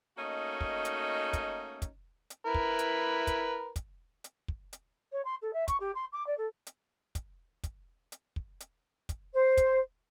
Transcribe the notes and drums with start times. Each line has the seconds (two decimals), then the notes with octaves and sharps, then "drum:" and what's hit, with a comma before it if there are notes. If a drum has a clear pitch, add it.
0.17 A3 A#3 C#4 D#4 F#4 D#5
0.61 drum: kick
0.85 drum: hi-hat
1.33 drum: kick, hi-hat
1.82 drum: kick, hi-hat
2.30 drum: hi-hat
2.45 E4 A#4 B4
2.54 drum: kick
2.79 drum: hi-hat
3.27 drum: kick, hi-hat
3.76 drum: kick, hi-hat
4.24 drum: hi-hat
4.48 drum: kick
4.73 drum: hi-hat
5.12 C#5
5.25 C6
5.42 A4
5.53 E5
5.68 C#6, drum: kick, hi-hat
5.80 G4
5.95 C6
6.12 D6
6.26 D5
6.37 A4
6.67 drum: hi-hat
7.15 drum: kick, hi-hat
7.63 drum: kick, hi-hat
8.12 drum: hi-hat
8.36 drum: kick
8.60 drum: hi-hat
9.09 drum: kick, hi-hat
9.33 C5
9.57 drum: kick, hi-hat